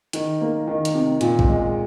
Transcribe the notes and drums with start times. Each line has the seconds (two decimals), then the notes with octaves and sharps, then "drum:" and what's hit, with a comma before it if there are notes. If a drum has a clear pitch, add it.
0.13 D#3, drum: hi-hat
0.41 A#3
0.67 D#3
0.85 drum: hi-hat
0.94 C3
1.21 A#2, drum: hi-hat
1.39 drum: kick A1
1.48 G#3